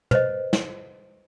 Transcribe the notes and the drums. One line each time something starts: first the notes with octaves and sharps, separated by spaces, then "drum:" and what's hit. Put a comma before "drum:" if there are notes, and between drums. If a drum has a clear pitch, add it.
B4 C5 D#5, drum: tom
drum: snare